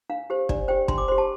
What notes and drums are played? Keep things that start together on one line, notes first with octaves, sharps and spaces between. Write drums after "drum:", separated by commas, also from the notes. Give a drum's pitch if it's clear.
D4 F5
G4 C5
D4 D5, drum: kick
G4 C5 G5
D4 C6, drum: kick
D6
G4 C5 C6
A5